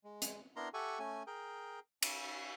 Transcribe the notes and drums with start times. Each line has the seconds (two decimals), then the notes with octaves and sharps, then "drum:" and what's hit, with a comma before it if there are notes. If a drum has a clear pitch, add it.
0.04 G#3
0.22 drum: hi-hat
0.56 B3 D4 E4 A#4 A#5 C6
0.74 G4 A4 E5 F#5 G#5 C#6
0.99 A3 C#4 G#5
1.27 G#4 A#4 G5
2.02 C#4 E5, drum: cymbal